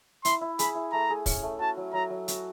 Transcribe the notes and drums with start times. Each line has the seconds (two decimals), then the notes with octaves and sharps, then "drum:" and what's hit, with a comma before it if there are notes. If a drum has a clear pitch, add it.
0.25 E4 C6, drum: hi-hat
0.41 E4
0.59 G#4 B5, drum: hi-hat
0.75 E4
0.93 A3 A#5
1.10 G#4
1.26 C#4, drum: kick, open hi-hat
1.43 A3
1.59 F#4 A5
1.77 F#3
1.93 F#3 A#5
2.10 F#3
2.28 F#4, drum: hi-hat